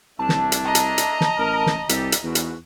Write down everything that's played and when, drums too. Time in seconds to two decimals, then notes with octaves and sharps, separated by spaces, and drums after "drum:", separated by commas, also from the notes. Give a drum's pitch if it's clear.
0.19 C2 A3 D4 E4 A5
0.29 drum: snare
0.52 drum: hi-hat
0.65 D#5 A#5
0.75 drum: hi-hat
0.98 drum: hi-hat
1.21 drum: snare
1.38 A1 A#4
1.66 drum: snare
1.89 C2 E3 G4 A4, drum: hi-hat
2.12 drum: hi-hat
2.24 E2 G#2 B2 F#4
2.35 drum: hi-hat